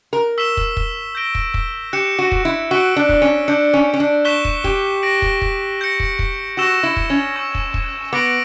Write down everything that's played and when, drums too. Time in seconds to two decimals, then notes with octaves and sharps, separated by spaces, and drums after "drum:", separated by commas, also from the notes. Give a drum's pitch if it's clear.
0.13 A#4
0.38 C#6 E6 B6 E7 G7
0.57 drum: kick
0.77 drum: kick
1.15 G6 A#6 D7 G7
1.35 drum: kick
1.54 drum: kick
1.93 G4 F#6 C#7 E7
2.19 F#4
2.32 drum: kick
2.45 E4
2.71 F#4 E6 B6 D7 G7
2.96 D4
3.09 drum: kick
3.22 C#4
3.48 D4 E6 G6 C#7
3.74 C#4
3.94 C#4
4.00 D4
4.25 C#6 F#6 B6 E7 G7
4.45 drum: kick
4.64 G4, drum: kick
5.03 A#6 D7 F#7
5.22 drum: kick
5.42 drum: kick
5.81 G6 A#6 C#7
6.00 drum: kick
6.19 drum: kick
6.57 F#4 C#6 E6 A#6 E7 G7
6.83 E4
6.97 drum: kick
7.10 C#4
7.36 C#6 E6 G6 A#6
7.55 drum: kick
7.74 drum: kick
8.13 B3 D6 A#6 D7 F#7